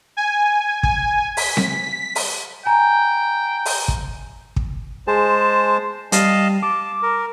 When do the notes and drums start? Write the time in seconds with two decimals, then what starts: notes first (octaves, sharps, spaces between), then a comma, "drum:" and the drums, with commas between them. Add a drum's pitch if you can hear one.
0.17 G#5
0.83 G#5, drum: kick
1.37 B6, drum: open hi-hat
1.57 drum: snare C4
2.15 drum: open hi-hat
2.66 G5 G#5 A#5
3.65 drum: open hi-hat
3.88 drum: kick
4.56 drum: kick
5.07 G#3 G#4 C5 A5
6.12 G3 D#5 F5 A5, drum: hi-hat
6.62 A5 D6
7.03 A#4